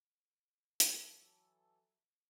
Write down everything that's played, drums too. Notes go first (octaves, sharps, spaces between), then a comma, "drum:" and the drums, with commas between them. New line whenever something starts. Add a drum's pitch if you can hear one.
E3 F#3 A4, drum: hi-hat